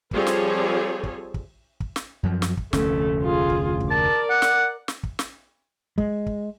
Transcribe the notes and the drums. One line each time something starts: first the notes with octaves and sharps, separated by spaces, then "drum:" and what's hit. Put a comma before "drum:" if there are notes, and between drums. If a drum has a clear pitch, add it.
F3 G3 C4 G#4 A4 C#5, drum: kick
drum: snare
drum: kick
drum: kick
drum: kick
drum: snare
F#2 F3
drum: snare
drum: kick
F1 D2 A3 C#4, drum: snare
F4 G#4
drum: kick
drum: kick
A#4 D5 A5
F#5
drum: snare
drum: snare
drum: kick
drum: snare
G#3, drum: kick
drum: kick